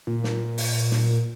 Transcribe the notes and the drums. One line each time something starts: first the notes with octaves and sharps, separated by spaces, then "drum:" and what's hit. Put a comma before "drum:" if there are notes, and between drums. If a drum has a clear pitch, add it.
A#2
drum: snare
drum: open hi-hat
drum: snare